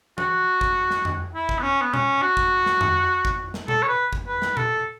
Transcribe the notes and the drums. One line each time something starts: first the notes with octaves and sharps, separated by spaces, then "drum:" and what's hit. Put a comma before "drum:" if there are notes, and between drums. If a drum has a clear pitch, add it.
F#4, drum: tom E3
drum: kick
drum: snare
drum: tom F2
E4
drum: kick
B3
C#4
B3
C#4, drum: tom A#2
F#4
drum: kick
drum: snare
drum: tom F2
drum: kick
drum: snare
A4, drum: tom A#2
C#5
B4
drum: kick
B4
drum: snare
A4, drum: tom A#2